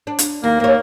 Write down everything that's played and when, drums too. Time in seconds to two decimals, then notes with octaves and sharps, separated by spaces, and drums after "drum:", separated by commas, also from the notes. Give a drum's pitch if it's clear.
0.07 D4
0.19 drum: hi-hat
0.44 D#2 A#3
0.60 D#2 A#3 C#5